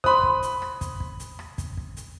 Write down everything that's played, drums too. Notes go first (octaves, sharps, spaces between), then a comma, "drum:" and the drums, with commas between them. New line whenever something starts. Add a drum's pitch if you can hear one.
C5 B5 C6 D#6, drum: kick
drum: kick
drum: hi-hat
drum: rim click
drum: kick, hi-hat
drum: kick
drum: hi-hat
drum: rim click
drum: kick, hi-hat
drum: kick
drum: hi-hat